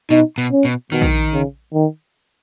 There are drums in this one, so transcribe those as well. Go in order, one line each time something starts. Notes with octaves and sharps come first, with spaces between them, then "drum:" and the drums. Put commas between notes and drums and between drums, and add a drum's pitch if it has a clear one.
B2 D#4
B2
C#4
B2
B2 D#3
drum: kick A#1
C#3
D#3